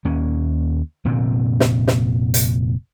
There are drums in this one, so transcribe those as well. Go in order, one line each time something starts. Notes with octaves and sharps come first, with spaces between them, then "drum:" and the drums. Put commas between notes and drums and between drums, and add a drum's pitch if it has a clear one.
D#2 A#3 C#4
F1 A#2 D3 C4
drum: snare
drum: snare
drum: hi-hat